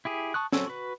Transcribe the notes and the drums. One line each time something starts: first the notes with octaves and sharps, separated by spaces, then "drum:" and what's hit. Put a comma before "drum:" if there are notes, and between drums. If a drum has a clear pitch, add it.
E4 G4 G#4
A5 C#6 D#6 F#6
F#3 C4 C#4 A4 C#5, drum: snare
F#4 B4